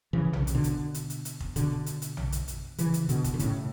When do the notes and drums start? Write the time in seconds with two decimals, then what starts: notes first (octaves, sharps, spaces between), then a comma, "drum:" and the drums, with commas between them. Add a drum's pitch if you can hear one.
0.13 C#3 E3
0.33 E3, drum: tom A#1
0.40 D3
0.47 C#3, drum: hi-hat
0.54 B2 D3
0.64 drum: hi-hat
0.94 drum: hi-hat
1.10 drum: hi-hat
1.25 drum: hi-hat
1.40 drum: kick
1.56 B2 D3, drum: hi-hat
1.86 drum: hi-hat
2.02 drum: hi-hat
2.17 drum: tom A#1
2.32 drum: hi-hat
2.48 drum: hi-hat
2.78 C#3 E3, drum: hi-hat
2.94 drum: hi-hat
3.09 B2 D3, drum: hi-hat
3.24 drum: kick, hi-hat
3.34 D3
3.39 A2 C#3, drum: hi-hat